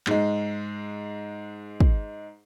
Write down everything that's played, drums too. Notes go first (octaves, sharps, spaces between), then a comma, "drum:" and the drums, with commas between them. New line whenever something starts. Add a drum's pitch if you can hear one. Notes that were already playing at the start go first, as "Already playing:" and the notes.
G#2 G#3, drum: clap
drum: kick